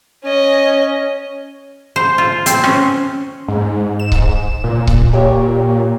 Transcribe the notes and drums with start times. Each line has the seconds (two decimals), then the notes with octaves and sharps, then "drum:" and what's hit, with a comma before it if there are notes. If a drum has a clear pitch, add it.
0.23 C#4 D#5
1.96 C5
2.18 F4
2.46 C4, drum: hi-hat
2.64 C#4, drum: rim click
3.48 G#2
3.99 E7
4.12 drum: kick C#1
4.64 A#2
4.87 drum: kick C#1
5.13 G4 C#5